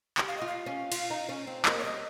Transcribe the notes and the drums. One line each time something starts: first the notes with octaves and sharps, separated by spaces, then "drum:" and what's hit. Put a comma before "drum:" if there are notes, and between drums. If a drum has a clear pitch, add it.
G4, drum: clap
F5
F4 D#5
F5
C#4
F4, drum: cymbal
D#4
C#4
C4
A#3 D#5, drum: clap
C#5
G3 D#5